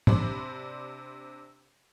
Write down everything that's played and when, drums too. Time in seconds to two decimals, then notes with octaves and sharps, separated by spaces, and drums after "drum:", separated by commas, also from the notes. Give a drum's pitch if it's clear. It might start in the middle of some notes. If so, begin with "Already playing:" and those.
0.07 C3 D4 C5 D5 B5, drum: tom G#2